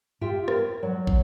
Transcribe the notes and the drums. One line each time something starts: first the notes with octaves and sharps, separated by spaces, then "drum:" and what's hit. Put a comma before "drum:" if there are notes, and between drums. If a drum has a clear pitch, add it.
F4 G4 E5 G5
A#4, drum: rim click
F#3
drum: kick